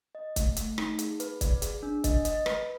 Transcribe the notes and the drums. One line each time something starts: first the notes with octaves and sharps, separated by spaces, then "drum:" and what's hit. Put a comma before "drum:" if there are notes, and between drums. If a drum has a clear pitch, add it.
D#5
A3, drum: kick C#1, hi-hat
A3, drum: hi-hat
D#4, drum: rim click
G#4, drum: hi-hat
B4, drum: hi-hat
D5, drum: kick C#1, hi-hat
G#4, drum: hi-hat
D4
D#5, drum: kick C#1, hi-hat
D#5, drum: hi-hat
B4, drum: rim click